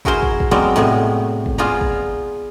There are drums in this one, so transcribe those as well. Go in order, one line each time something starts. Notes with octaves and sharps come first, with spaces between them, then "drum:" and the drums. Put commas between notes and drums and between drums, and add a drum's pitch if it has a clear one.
E4 F#4 G#4 A#4 C5, drum: kick
drum: kick
drum: kick
F#3 G#3 B3 C4 A#4 D5
A2 C3 B3 G#4
drum: kick
B3 F4 G#4 C5 D5 A#5
drum: kick